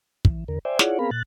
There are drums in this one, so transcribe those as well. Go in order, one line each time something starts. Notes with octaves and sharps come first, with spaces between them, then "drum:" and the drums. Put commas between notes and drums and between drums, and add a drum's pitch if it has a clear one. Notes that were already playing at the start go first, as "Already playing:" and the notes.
E3, drum: kick
E2 D3 A#4
C5 D5 E5 G5 G#5
E4 F4 G#4 C#5 D5 F#5, drum: snare
B3 C4 G#4 A#4 F5 B5
A#2 F#6 A6